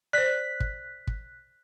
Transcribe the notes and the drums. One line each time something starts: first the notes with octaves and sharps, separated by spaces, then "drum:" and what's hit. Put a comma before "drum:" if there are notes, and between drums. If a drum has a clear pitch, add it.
C5 D5 F#6 B6
drum: kick
drum: kick